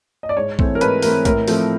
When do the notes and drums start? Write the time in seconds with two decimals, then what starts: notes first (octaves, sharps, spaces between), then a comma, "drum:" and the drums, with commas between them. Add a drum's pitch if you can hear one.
0.23 D#5
0.29 D5
0.37 G#2 C#5
0.59 E3 A3 C4, drum: kick
0.75 A#4
0.81 G#2 B4, drum: hi-hat
1.03 E3 A3 C4 A#4, drum: open hi-hat
1.25 A2 A#4, drum: kick, hi-hat
1.48 F3 A3 C4, drum: open hi-hat